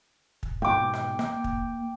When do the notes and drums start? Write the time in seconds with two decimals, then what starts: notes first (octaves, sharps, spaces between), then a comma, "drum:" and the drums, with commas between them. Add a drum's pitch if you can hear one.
0.43 drum: kick
0.62 G#2 B2 G5 D6
0.93 drum: rim click
1.19 A#3, drum: rim click
1.44 drum: kick